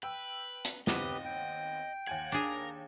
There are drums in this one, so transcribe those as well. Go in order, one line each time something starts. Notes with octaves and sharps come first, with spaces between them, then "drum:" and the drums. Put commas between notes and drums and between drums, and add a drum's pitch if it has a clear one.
B4 G5 E6
drum: hi-hat
D#2 B3 C4 G4 B4 D#5 D#6, drum: snare
G5
D#2 F#5 G#5 G#6
D4 G#4 A#4